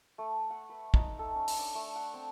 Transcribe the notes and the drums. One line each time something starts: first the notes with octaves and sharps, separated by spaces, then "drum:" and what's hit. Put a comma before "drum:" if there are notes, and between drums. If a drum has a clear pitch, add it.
A3
F#5
B4
D#4, drum: kick
A4
C#4
drum: open hi-hat
D4
A3
F#5
C4